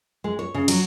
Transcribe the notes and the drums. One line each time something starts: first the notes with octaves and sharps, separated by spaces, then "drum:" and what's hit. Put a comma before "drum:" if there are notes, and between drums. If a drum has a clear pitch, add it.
G#3
C#5
C#3
F#3, drum: cymbal